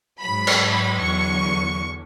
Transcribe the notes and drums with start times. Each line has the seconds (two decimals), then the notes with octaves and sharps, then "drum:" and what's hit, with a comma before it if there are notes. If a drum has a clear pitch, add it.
0.21 G#2 F#3 B5
0.47 drum: cymbal
1.01 E2 D3 F#3 C#6